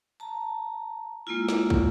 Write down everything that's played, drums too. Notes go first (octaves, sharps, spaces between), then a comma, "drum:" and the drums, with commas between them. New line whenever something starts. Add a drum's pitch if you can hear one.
A5 A#5
G#3 A#3 E4 F4
drum: snare
drum: kick